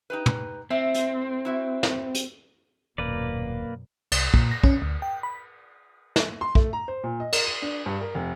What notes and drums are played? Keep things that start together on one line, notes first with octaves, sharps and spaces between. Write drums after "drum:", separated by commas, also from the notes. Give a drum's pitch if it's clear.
D#4 G4 B4
drum: tom
A2 C4 E5
drum: hi-hat
E4 F#4 E5
drum: snare
drum: hi-hat
D#1 F#2 B2 A#3 B4 D5
C2, drum: cymbal
A#2, drum: kick
A#6
C#4, drum: kick
D2
G5
B5
drum: snare
C6
A3, drum: kick
A#5
C5
A#2
D#5
A#4, drum: cymbal
D#7
D4
G2
A#4
F1